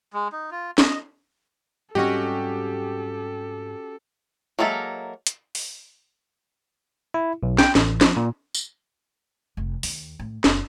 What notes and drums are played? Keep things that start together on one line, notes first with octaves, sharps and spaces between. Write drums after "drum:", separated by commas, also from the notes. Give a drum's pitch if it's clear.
G#3
D#4
F4
D#5, drum: snare
G#2 G3 C4 C#4 F#4 G4 A4 D#5
F#3 G#3 A#3 A4 E5
drum: hi-hat
drum: open hi-hat
E4
B1
G5, drum: snare
A1, drum: snare
F3, drum: snare
A#2
drum: tambourine
F1
D#2, drum: open hi-hat
A2
F#1, drum: snare